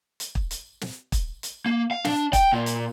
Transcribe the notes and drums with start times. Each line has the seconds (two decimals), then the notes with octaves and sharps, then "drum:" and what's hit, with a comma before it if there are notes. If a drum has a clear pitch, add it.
0.20 drum: hi-hat
0.35 drum: kick
0.51 drum: hi-hat
0.81 drum: snare
1.12 drum: kick, hi-hat
1.43 drum: hi-hat
1.66 A#3
1.91 F5
2.05 D4, drum: snare
2.33 G5, drum: kick, hi-hat
2.53 A#2
2.66 drum: hi-hat